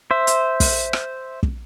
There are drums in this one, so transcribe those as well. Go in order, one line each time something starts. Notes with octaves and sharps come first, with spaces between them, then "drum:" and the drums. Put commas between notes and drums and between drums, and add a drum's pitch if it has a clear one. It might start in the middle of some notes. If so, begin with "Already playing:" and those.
C5 E5
drum: hi-hat
drum: kick, open hi-hat
drum: rim click
drum: kick